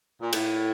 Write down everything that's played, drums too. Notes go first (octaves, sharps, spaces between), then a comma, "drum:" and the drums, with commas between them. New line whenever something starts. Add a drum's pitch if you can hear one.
A#2
A2, drum: cymbal